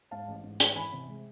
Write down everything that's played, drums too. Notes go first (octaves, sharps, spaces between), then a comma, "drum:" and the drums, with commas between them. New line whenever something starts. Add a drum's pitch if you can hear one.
G#2 F5 A5
A1
G#2
A1, drum: hi-hat
E3 G#5 B5
C3
G#3